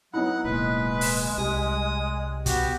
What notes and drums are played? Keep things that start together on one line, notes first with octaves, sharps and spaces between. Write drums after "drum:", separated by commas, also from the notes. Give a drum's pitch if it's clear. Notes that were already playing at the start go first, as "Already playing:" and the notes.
F#3 B3 D#4 E4 F#5
D1 B1 G#3 A#3 B4
drum: open hi-hat
C2 G3 D#6
B3 F#4 G4, drum: kick, hi-hat